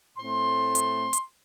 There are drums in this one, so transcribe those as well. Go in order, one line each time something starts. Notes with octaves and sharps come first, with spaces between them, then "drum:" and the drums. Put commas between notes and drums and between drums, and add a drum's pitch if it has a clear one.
A2 A3 C4 C6
drum: hi-hat
drum: hi-hat